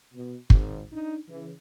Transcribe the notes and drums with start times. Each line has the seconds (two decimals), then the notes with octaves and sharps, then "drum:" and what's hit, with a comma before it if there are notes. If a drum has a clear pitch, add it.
0.13 B2
0.50 G#1, drum: kick
0.92 D4 D#4
1.28 C#3 E3